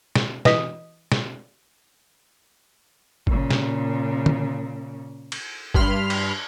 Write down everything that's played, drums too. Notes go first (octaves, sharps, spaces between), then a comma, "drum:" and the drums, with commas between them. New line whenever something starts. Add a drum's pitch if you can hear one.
drum: snare
E3 D#5 D#6 B6, drum: snare
drum: snare
A#2 C#3, drum: kick G1
drum: snare
drum: tom
drum: cymbal
G2 B5 C6 F6, drum: kick G1
drum: cymbal